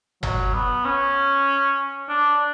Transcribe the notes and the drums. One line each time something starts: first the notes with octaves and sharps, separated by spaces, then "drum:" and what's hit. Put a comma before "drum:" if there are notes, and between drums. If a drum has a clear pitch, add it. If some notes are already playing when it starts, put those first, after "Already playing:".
F#3, drum: tom G1
B3
C#4
D4